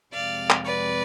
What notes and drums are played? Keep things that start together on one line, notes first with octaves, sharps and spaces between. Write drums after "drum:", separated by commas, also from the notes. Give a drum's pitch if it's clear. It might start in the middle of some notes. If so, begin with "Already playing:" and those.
F2 C3 G#3 D5 F5
drum: clap
B4 D5